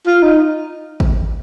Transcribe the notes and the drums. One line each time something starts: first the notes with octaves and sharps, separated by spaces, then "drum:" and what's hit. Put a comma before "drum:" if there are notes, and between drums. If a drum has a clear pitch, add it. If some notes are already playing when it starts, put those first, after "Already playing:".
F4
D#4
drum: kick